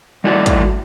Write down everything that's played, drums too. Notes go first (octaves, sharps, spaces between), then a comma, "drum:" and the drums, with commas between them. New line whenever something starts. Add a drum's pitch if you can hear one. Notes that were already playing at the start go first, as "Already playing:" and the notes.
G3 A3 E4 F#4 A#4 D5
drum: kick, hi-hat